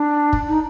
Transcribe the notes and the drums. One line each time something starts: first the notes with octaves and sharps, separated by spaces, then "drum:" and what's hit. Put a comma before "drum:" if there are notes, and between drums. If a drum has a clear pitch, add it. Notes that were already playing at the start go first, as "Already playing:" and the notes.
Already playing: D4
drum: kick
D#4